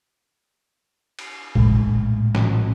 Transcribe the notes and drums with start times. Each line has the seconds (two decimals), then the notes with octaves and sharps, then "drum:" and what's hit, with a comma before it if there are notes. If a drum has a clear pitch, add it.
1.19 drum: cymbal
1.56 A#1 A2 G#3, drum: kick
2.35 drum: snare